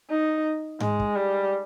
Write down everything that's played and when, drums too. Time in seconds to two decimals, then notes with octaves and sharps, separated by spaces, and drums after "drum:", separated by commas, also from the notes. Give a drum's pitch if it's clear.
0.10 D#4
0.80 G#3, drum: tom G#2
1.00 drum: kick
1.16 G3